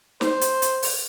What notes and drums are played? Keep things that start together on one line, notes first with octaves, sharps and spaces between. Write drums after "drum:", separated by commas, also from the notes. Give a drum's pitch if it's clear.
C5, drum: snare
drum: hi-hat
drum: hi-hat
drum: open hi-hat